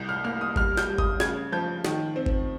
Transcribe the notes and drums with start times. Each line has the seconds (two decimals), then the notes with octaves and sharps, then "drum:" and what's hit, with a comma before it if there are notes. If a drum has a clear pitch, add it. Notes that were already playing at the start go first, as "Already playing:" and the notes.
Already playing: C2 G6
0.09 F6
0.24 A#3 F6
0.41 D#6
0.56 G3 F6, drum: kick G1
0.77 G6, drum: snare
0.89 G3
0.98 D#6, drum: kick G1
1.20 C#3 G#6, drum: snare
1.52 F3 G6
1.85 D#3, drum: snare
2.16 C4
2.26 drum: kick G1